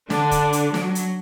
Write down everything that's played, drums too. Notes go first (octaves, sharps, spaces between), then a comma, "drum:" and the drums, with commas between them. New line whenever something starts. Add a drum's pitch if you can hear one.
D3 D4, drum: snare
drum: kick, hi-hat
drum: hi-hat
F#3, drum: snare
drum: hi-hat